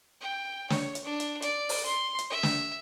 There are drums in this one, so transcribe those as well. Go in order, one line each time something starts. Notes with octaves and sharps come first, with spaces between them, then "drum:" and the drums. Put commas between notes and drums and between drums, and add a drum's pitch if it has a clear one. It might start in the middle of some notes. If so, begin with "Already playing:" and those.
G5
C#5, drum: snare
drum: hi-hat
D4
drum: hi-hat
D5, drum: hi-hat
drum: open hi-hat
C6
drum: hi-hat
E5
drum: snare